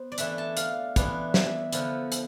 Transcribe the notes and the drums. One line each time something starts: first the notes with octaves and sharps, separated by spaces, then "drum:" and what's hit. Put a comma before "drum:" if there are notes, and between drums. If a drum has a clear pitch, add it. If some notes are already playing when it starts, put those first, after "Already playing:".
Already playing: B3 C5
D5
E3 A3 D4 E5, drum: hi-hat
A5
F5, drum: hi-hat
E3 B3 D4, drum: kick, hi-hat
E5, drum: snare
D3 F3 B3, drum: hi-hat
drum: hi-hat